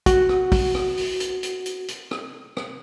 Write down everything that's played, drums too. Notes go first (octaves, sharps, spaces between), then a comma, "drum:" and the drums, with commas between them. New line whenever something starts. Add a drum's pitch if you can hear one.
F#4 F#5, drum: kick, hi-hat
drum: rim click
drum: kick, open hi-hat
drum: rim click
drum: open hi-hat
drum: hi-hat
drum: hi-hat
drum: hi-hat
drum: hi-hat
drum: rim click
drum: rim click